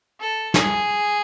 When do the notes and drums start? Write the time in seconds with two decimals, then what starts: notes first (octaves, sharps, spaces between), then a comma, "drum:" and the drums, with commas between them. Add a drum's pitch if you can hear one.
0.20 A4
0.54 G#4, drum: snare